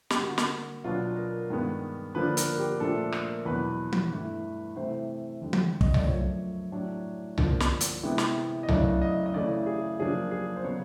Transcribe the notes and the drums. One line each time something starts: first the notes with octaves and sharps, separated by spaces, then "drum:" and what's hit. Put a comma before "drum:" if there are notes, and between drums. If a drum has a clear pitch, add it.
G4, drum: snare
D3 G3 A#3 F#4
drum: snare
B2 F#3 B3 D4 F4
A#4
G2 D#3 G#3 B3
D3 F3 A#3 D4 B4
A#4, drum: hi-hat
G4
A#2 F3 A3 D4 A4
A#4, drum: rim click
E2 B2 F#3 B4
drum: tom E3
G2 E3 A3
C3 E3 A3 C4 C5
F2 D3 G3
drum: tom E3
D#5, drum: kick
D5, drum: tom C2
F#2 C#3 F3 A3 C#5
A2 F#3 A3 D4
G2 D3 F3 A#3 D4, drum: tom C2
drum: snare
drum: hi-hat
C3 E3 G#3 B3
drum: snare
D#5
F#2 C#3 E3 A3 D4 D5, drum: tom C2
D#5
D#5
C#3 E3 A3 D5
G#4
F#2 C#3 F3 A#3 D4 G#4
G#4
C5
C#3 F#3 B3 C#5